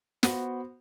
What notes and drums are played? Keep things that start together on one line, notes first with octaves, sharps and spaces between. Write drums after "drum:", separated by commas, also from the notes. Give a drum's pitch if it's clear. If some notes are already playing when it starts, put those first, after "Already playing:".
B3 F#4 C5, drum: snare